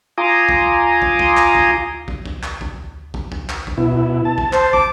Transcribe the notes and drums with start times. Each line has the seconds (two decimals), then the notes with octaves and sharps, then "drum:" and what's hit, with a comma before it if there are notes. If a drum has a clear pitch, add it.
0.18 F4 G#5 A#5 C6 D6 D#6
0.49 drum: kick
1.02 drum: kick
1.19 drum: kick
1.37 drum: clap
1.55 drum: kick
2.08 drum: kick
2.26 drum: kick
2.43 drum: clap
2.61 drum: kick
3.14 drum: kick
3.32 drum: kick
3.49 drum: clap
3.67 drum: kick
3.77 B2 E4
4.25 A5
4.38 drum: kick
4.53 C5, drum: clap
4.73 D6, drum: kick